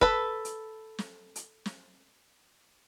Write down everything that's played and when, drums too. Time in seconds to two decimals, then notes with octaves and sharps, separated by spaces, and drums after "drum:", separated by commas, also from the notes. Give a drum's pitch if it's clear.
0.01 A4 B4, drum: kick
0.45 drum: hi-hat
0.99 drum: snare
1.36 drum: hi-hat
1.66 drum: snare